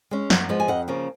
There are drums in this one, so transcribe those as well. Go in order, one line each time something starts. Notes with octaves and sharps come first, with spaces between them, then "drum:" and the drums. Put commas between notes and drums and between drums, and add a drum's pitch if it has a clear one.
G#3 C#4
F#2, drum: snare
F3 G#3 B3
G#5
F2 D#5 F#5
C#3 F3 A#3 C#4